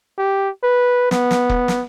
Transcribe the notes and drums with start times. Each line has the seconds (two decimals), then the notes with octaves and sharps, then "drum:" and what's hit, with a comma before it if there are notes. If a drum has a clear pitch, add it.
0.18 G4
0.63 B4
1.11 B3, drum: snare
1.31 drum: snare
1.49 drum: kick
1.68 drum: snare